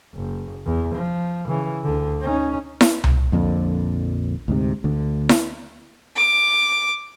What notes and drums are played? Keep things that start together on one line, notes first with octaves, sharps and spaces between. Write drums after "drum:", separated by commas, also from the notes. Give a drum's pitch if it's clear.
F#1
E2
F3
C#3 E3
D2 D3
C#4 D#4
drum: snare E4
drum: tom C2
A#1 F2 A#2 D3
D2 G#2 C3
D2 D3
drum: snare E4
D6